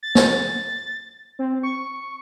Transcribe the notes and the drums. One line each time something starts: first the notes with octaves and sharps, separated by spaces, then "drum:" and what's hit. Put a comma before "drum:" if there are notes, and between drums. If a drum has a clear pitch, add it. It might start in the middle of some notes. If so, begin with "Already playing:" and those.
A6
drum: snare
C4
C#6